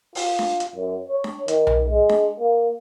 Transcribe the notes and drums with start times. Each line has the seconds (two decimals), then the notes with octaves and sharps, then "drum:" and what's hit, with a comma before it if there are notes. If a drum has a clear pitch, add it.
0.15 F4, drum: open hi-hat
0.39 drum: snare D4
0.60 drum: hi-hat
0.75 F#2
1.09 C#5
1.24 drum: snare D4
1.48 D#3, drum: hi-hat
1.67 drum: tom B1
1.88 G#3
2.09 drum: snare D4
2.40 A#3